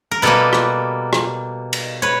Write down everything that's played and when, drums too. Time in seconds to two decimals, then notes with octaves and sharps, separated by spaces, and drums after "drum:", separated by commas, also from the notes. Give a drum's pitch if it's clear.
0.11 A#4
0.22 B2 G3 A#3 A4 B4
0.53 drum: rim click
1.13 drum: rim click
1.73 drum: cymbal
2.02 B4 C#5